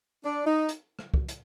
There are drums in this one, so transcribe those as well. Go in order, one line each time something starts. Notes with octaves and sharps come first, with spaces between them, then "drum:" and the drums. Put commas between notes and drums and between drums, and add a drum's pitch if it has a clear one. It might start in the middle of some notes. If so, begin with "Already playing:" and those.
D4
D#4
drum: hi-hat
drum: rim click
drum: kick
drum: hi-hat